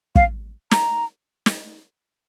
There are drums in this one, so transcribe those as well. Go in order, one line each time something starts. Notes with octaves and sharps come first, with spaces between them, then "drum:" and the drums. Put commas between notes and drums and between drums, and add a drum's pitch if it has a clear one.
F5, drum: kick
A#5, drum: snare
drum: snare